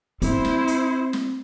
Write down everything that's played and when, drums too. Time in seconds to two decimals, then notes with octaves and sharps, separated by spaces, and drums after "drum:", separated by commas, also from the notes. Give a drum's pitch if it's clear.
0.22 C4 E4 C5, drum: hi-hat
0.45 drum: snare
0.67 drum: hi-hat
1.13 drum: snare